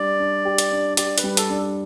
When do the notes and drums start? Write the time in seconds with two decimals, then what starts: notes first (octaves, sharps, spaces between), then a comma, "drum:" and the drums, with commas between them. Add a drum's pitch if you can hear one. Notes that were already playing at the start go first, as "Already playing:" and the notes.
Already playing: G3 D4 D5
0.20 D4
0.45 G4
0.58 drum: hi-hat
0.72 D4
0.97 G4 D5, drum: hi-hat
1.18 B4, drum: hi-hat
1.24 G3
1.37 A4, drum: hi-hat
1.50 D4